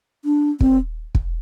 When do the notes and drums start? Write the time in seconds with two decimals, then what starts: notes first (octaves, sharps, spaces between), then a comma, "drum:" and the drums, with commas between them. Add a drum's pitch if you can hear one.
0.25 D4
0.61 C4, drum: kick
1.15 drum: kick